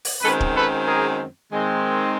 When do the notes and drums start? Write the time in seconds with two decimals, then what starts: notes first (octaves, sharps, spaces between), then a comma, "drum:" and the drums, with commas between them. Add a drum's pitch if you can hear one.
0.05 drum: open hi-hat
0.21 F#2 D#3 G#3 C4 A4 B4
0.40 drum: kick
0.54 A4 B4
0.86 G#4 A#4
1.51 D#3 G#3 C4